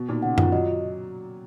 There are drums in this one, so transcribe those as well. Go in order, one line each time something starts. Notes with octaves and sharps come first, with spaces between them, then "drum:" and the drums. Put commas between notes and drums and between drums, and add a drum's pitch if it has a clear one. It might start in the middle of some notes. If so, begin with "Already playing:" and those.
Already playing: B2
A#2 D#4
C#3 F#5
D#3 F4, drum: tom F#2
F#3 D#5